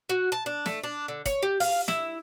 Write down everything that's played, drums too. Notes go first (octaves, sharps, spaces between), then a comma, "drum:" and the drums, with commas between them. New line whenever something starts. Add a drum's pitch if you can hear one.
F#4
A5
D4
A3, drum: snare
D4
D3
C#5, drum: kick, hi-hat
G4
F5, drum: open hi-hat
E4, drum: snare